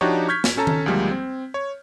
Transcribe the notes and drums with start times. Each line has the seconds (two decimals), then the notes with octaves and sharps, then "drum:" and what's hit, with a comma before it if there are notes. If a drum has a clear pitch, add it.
0.01 F3 D4 D#4 F#4 G4 C#5
0.28 C#6 F6 G6 G#6 B6
0.44 drum: snare
0.57 C#4 A4 A5 A#5
0.67 drum: tom D#3
0.86 D2 F3 G3 G#3 A#3
1.11 C4
1.54 C#5